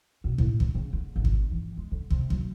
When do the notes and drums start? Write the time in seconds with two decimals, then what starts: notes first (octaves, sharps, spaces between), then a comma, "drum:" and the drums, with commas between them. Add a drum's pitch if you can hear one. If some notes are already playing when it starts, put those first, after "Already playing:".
0.24 B2
0.38 A2, drum: kick
0.60 A3, drum: kick
0.74 C#3
0.93 D3
1.16 G#1
1.25 drum: kick
1.51 E3
1.77 G#3
1.91 D3
2.10 C3, drum: kick
2.30 F#3, drum: kick